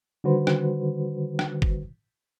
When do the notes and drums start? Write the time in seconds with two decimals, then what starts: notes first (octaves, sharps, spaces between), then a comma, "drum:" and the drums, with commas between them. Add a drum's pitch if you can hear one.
0.24 D3 D#3 G3 F#4 B4 C5
0.47 drum: rim click
1.39 drum: rim click
1.62 drum: kick